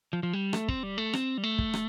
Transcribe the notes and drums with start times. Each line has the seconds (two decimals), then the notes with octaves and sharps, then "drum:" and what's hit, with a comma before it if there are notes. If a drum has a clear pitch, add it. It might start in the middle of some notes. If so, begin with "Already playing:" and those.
0.13 F3
0.23 F3
0.33 G3
0.53 A3, drum: rim click
0.68 C4, drum: kick
0.83 G3
0.98 A3
1.13 C4, drum: rim click
1.38 G3
1.44 A3
1.58 drum: kick
1.74 drum: rim click